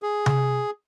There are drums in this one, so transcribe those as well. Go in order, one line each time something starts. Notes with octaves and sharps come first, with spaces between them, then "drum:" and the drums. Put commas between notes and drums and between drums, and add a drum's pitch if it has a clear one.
G#4
drum: tom C3